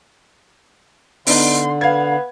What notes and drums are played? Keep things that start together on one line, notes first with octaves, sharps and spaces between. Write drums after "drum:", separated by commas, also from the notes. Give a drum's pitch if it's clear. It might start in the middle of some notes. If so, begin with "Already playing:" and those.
D3 B3 D4 D#4 C6, drum: open hi-hat
B3 F5 G#6